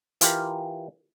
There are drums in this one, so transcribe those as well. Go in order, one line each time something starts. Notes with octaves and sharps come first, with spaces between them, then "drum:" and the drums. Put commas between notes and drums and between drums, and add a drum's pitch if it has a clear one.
E3 F4 G4 A#4, drum: hi-hat